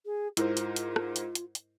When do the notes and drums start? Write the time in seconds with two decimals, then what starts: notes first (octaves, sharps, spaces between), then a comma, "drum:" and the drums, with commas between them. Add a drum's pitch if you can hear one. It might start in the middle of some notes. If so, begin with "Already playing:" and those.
0.05 G#4
0.37 G#2 E4 F4 A#4 C5, drum: hi-hat
0.57 drum: hi-hat
0.76 drum: hi-hat
0.96 drum: rim click
1.16 drum: hi-hat
1.35 drum: hi-hat
1.55 drum: hi-hat